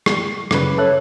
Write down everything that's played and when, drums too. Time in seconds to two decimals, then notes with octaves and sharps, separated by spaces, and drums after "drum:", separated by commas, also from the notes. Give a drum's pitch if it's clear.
0.06 drum: rim click
0.51 F#2 C#3 B4, drum: rim click
0.78 A4 C#5 E5 F#6